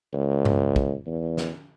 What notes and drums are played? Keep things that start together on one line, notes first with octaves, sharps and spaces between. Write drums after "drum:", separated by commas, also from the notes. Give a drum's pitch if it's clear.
C#2
drum: tom G2
drum: kick
E2
drum: snare